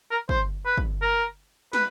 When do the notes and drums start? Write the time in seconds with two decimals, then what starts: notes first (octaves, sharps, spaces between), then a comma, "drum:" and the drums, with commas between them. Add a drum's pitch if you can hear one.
0.11 A#4
0.29 C5, drum: kick
0.66 B4
0.78 drum: kick
1.02 A#4
1.73 B4, drum: snare